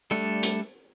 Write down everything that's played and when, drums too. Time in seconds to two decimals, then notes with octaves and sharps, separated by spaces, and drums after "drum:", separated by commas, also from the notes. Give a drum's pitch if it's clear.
0.11 G3 A3 D4 A4
0.43 drum: hi-hat